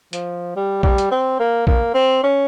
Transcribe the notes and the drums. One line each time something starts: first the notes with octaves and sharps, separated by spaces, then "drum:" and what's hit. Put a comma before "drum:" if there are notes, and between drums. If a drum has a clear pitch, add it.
F3, drum: hi-hat
G3
G3, drum: kick
drum: hi-hat
C4
A#3
A#3, drum: kick
C4
C#4